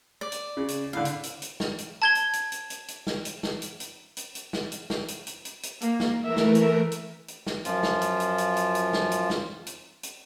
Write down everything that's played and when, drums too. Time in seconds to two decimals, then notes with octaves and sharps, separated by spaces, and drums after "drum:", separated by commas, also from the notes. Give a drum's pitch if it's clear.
0.21 D5
0.32 drum: hi-hat
0.57 C#3
0.68 drum: hi-hat
0.93 A2 D3 F5
1.05 drum: hi-hat
1.23 drum: hi-hat
1.42 drum: hi-hat
1.60 drum: snare
1.78 drum: hi-hat
2.02 A5 G#6 G7
2.15 drum: hi-hat
2.33 drum: hi-hat
2.52 drum: hi-hat
2.70 drum: hi-hat
2.88 drum: hi-hat
3.07 drum: snare
3.25 drum: hi-hat
3.43 drum: snare
3.62 drum: hi-hat
3.80 drum: hi-hat
4.17 drum: hi-hat
4.35 drum: hi-hat
4.53 drum: snare
4.72 drum: hi-hat
4.90 drum: snare
5.08 drum: hi-hat
5.27 drum: hi-hat
5.45 drum: hi-hat
5.63 drum: hi-hat
5.81 A#3, drum: hi-hat
6.00 drum: snare
6.24 E3 A3 A#4 E5
6.37 drum: snare
6.55 drum: hi-hat
6.92 drum: hi-hat
7.28 drum: hi-hat
7.47 drum: snare
7.65 F#2 F3 F4, drum: hi-hat
7.83 drum: snare
8.02 drum: hi-hat
8.20 drum: hi-hat
8.38 drum: hi-hat
8.56 drum: hi-hat
8.75 drum: hi-hat
8.93 drum: snare
9.11 drum: hi-hat
9.30 drum: snare
9.66 drum: hi-hat
10.03 drum: hi-hat